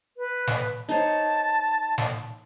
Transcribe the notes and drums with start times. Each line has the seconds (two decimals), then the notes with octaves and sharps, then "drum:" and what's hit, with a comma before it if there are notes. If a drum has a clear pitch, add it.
0.17 B4
0.47 drum: snare
0.89 D#4 C5 C#5 A5
1.98 drum: snare